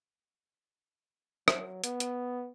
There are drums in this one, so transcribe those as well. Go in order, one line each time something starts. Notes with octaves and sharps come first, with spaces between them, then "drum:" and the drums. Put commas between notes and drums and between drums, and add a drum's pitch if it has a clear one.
F#3, drum: rim click
B3, drum: hi-hat
drum: hi-hat